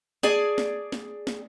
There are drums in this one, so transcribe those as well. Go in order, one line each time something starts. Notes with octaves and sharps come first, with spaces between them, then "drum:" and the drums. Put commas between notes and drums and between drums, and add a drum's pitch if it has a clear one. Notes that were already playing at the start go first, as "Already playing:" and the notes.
G#4 D5 G#5 A5, drum: snare
drum: snare
drum: snare
drum: snare